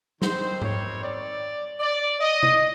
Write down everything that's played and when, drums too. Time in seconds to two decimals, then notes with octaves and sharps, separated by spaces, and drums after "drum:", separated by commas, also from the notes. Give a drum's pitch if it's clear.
0.22 D#3 G3 C4 C5, drum: snare
0.62 C#5, drum: tom G#2
1.01 D5
1.80 D5
2.21 D#5
2.43 drum: tom C3